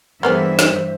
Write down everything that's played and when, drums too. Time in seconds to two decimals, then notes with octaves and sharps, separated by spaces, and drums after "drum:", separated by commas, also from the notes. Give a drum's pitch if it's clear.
0.23 G2 E3 A#3 B3 G#4 C5 E5
0.59 drum: snare